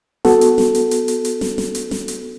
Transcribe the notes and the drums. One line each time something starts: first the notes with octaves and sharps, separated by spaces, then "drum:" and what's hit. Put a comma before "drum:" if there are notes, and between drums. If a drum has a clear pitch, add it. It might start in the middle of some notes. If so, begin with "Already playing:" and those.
B3 F#4 A4, drum: snare
drum: hi-hat
drum: snare
drum: hi-hat
drum: hi-hat
drum: hi-hat
drum: hi-hat
drum: snare
drum: snare
drum: hi-hat
drum: snare
drum: hi-hat